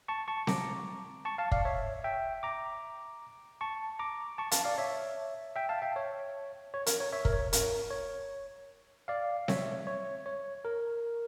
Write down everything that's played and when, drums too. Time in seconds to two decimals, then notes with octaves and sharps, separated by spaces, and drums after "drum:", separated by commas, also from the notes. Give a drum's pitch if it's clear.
0.08 A5 C#6
0.28 A5 C#6
0.47 A#5 D6, drum: snare C4
1.25 A5 C#6
1.38 F5 A5
1.51 D5 F5, drum: kick
1.65 C#5 E5
2.04 E5 G5
2.43 A#5 D6
3.61 A5 C#6
3.99 A#5 D6
4.38 A5 C#6
4.51 F5 A5, drum: hi-hat
4.64 D5 F5
4.78 C#5 E5
5.56 E5 G5
5.69 F5 A5
5.82 E5 G5
5.96 C#5
6.74 C#5
6.86 A#4, drum: hi-hat
7.00 C#5
7.13 C#5 E5
7.25 A#4, drum: kick
7.33 C#5
7.53 A#4, drum: hi-hat
7.91 C#5
9.08 D5 F5
9.48 C#5 E5, drum: snare C4
9.87 C#5
10.26 C#5
10.65 A#4